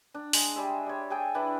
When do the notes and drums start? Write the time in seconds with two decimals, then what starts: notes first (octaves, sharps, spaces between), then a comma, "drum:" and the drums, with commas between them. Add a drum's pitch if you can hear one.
0.14 D4
0.33 G#3, drum: open hi-hat
0.56 G3 G#3 E5
0.86 G3 C#5
1.10 G#4 A4 G5 G#5
1.34 E3 D4 E4